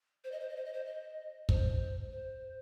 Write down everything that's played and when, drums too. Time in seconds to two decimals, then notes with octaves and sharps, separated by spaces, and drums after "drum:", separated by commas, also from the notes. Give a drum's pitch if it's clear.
0.24 C5
0.32 D#5
0.40 C5
0.49 D#5
0.56 C5
0.65 D#5
0.73 C5
0.85 D#5
1.49 C5, drum: kick
2.11 C5